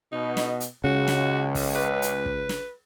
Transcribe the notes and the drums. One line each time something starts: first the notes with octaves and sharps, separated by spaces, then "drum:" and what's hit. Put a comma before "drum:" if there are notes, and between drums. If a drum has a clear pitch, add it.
B2 D#4
drum: snare
drum: hi-hat
C#2 C#3 F#4
drum: snare
drum: kick, open hi-hat
B4
drum: hi-hat
drum: kick
drum: snare